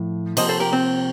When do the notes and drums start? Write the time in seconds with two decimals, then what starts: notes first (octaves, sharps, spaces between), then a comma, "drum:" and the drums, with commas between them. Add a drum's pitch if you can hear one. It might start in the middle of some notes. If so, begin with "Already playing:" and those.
Already playing: A2 F3
0.37 C3 F3 A#3 C5 D#5, drum: cymbal
0.49 A4 C5
0.60 G4 A#4
0.73 C4